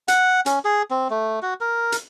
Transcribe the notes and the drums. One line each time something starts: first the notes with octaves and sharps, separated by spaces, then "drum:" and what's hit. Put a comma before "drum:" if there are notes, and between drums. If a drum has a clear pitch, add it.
F#5, drum: hi-hat
C#4, drum: hi-hat
G#4
C4
A3
F#4
A#4
drum: hi-hat